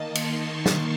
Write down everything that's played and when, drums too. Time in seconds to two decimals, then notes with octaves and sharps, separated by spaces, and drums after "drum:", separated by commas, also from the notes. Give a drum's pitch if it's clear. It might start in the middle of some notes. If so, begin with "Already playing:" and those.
Already playing: D#3 A#3 D#4 A5
0.15 C6, drum: cymbal
0.48 C#6
0.66 drum: snare